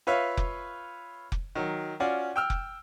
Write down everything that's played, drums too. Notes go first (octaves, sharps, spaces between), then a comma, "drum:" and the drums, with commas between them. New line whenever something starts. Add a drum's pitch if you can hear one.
F4 B4 C#5 E5 F5
drum: kick F1
drum: kick F1
D#3 F#3
C#4 F4 F#4 D5
G5 E6 F6
drum: kick F1